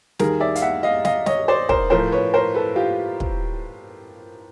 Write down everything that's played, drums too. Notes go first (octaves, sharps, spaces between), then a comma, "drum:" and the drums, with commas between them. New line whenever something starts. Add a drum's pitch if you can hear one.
D#2 D#3 G3 G#4 A#4, drum: snare
D5 E5
F5, drum: hi-hat
E5 F#5
D#5 F5
D#5 F5, drum: snare
C#5 D#5, drum: snare
C5 D5
A#4 C5, drum: kick
A2 F3 A3 A#4 C5
B4 C#5
A#4 C5
A4 B4
F4 G4
drum: kick